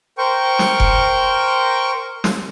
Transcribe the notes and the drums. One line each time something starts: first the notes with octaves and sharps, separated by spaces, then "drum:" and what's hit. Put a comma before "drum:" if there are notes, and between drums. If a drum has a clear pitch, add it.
A#4 C5 G5 C#6
drum: snare
drum: kick F1
drum: snare